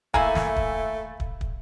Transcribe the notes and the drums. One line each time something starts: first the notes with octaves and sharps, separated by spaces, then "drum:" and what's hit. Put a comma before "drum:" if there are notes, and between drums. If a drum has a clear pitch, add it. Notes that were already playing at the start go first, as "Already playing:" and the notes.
A3 A#3 E4 G#5, drum: kick
drum: snare
drum: kick
drum: kick
drum: kick